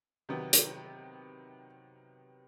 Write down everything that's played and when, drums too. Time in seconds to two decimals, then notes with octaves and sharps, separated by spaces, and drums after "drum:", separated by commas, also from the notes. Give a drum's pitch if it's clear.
0.29 C3 D#3 F#3 B3
0.53 drum: hi-hat